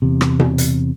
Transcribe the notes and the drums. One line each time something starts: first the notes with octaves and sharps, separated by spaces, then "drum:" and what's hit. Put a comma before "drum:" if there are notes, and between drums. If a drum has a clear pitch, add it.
E2 C3
drum: rim click
drum: tom B2
drum: hi-hat